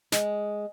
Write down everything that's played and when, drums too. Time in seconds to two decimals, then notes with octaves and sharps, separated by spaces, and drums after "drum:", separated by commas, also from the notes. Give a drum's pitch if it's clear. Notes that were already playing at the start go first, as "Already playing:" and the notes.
0.12 G#3, drum: snare